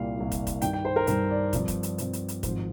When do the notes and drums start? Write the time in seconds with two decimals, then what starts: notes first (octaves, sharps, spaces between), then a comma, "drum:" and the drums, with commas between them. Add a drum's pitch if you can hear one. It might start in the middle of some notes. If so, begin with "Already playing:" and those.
Already playing: C2 A#2 G3 F5
0.17 C2 A#2 G3
0.32 drum: kick, hi-hat
0.47 drum: kick, hi-hat
0.62 G2 D#3 G3 G5, drum: hi-hat
0.73 G5
0.85 C5
0.96 A#4
1.07 G2 D#3 G3 C5, drum: hi-hat
1.31 D5
1.53 G2 F3 C4, drum: kick, hi-hat
1.68 drum: kick, hi-hat
1.83 drum: hi-hat
1.98 G2 F3 C4, drum: hi-hat
2.13 drum: hi-hat
2.28 drum: hi-hat
2.43 G#1 G#2 F3 C4 C5, drum: kick, hi-hat